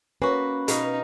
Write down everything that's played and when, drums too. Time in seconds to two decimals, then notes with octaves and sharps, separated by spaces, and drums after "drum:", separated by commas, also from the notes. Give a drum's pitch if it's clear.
0.22 A#3 C#4 F#4 B4
0.68 B2 D#4 A#4 F5, drum: hi-hat